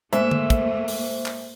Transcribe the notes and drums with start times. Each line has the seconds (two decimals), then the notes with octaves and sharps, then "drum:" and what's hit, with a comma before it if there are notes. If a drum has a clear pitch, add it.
0.13 G#2 A3 A#3 C5 E5, drum: hi-hat
0.31 drum: tom D3
0.50 drum: kick, hi-hat
0.88 drum: open hi-hat
1.26 drum: clap